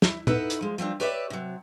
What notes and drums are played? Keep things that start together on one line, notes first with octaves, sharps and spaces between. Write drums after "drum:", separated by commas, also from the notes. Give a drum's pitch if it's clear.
E4, drum: snare
D#4 E4 A4 B4 F#5, drum: tom A#2
drum: hi-hat
F3 G#3
F3 G3 C4 D4
G4 B4 C#5 D5 E5
C3 F#3